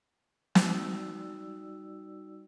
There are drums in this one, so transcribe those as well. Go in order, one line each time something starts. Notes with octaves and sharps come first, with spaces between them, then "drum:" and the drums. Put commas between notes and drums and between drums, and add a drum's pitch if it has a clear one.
G3 D#4 F#4 D5 E6, drum: snare